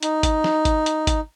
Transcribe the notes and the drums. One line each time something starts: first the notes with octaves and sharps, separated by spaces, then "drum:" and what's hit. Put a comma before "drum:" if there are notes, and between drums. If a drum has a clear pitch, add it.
D#4, drum: hi-hat
drum: kick G#1, hi-hat
drum: snare
drum: kick G#1, hi-hat
drum: hi-hat
drum: kick G#1, hi-hat